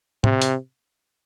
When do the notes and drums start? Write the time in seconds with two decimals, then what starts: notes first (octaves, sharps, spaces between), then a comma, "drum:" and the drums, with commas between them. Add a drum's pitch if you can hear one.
0.24 C3, drum: tom A2
0.42 drum: hi-hat